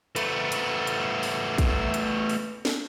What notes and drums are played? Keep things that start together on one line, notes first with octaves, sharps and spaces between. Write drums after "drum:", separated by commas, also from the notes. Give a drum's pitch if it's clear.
A3 B3, drum: hi-hat
drum: hi-hat
drum: hi-hat
drum: open hi-hat
drum: kick, hi-hat
drum: hi-hat
drum: open hi-hat
drum: snare